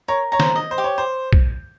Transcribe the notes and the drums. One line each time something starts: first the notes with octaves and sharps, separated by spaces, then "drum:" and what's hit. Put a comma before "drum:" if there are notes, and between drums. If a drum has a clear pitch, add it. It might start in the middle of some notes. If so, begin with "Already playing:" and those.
A#4 C#5
C#5 A#5
C5, drum: snare
D#5
C5
G4
C#5
C5
drum: kick